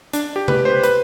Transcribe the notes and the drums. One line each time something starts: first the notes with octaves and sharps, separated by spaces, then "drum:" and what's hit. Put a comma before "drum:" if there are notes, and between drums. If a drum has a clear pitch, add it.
D4, drum: hi-hat
G4
B4, drum: tom C3
C5
B4, drum: hi-hat